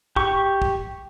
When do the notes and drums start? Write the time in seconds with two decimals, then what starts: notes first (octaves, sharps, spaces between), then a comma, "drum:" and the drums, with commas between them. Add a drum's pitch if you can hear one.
0.16 G4 C#6, drum: kick
0.62 drum: kick